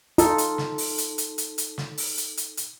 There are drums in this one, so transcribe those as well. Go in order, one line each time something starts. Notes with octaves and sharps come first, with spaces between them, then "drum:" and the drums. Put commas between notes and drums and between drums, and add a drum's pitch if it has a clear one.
D#4 F4 A4, drum: hi-hat
drum: hi-hat
drum: snare
drum: open hi-hat
drum: hi-hat
drum: hi-hat
drum: hi-hat
drum: hi-hat
drum: snare
drum: open hi-hat
drum: hi-hat
drum: hi-hat
drum: hi-hat